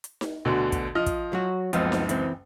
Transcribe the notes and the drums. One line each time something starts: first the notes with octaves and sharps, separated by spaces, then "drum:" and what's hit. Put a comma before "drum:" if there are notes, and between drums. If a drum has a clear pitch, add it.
drum: hi-hat
drum: snare D#4
D2 B2 D3
drum: kick, hi-hat
F3 D#5 F6
drum: kick, hi-hat
F#3 F#4
F#1 C#2 F3 B3 C4, drum: hi-hat
drum: snare D#4
E3 C4, drum: hi-hat